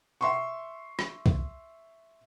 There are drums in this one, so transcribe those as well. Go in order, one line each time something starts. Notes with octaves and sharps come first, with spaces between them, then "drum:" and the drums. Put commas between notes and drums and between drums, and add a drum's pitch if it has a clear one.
E5 C6 C#6
drum: rim click
drum: kick B1